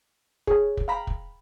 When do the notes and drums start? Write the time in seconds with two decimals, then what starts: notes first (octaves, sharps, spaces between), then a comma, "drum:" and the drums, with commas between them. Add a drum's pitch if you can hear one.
0.47 G#4 C#5, drum: kick
0.77 drum: kick
0.88 F5 G5 A#5 B5
1.07 drum: kick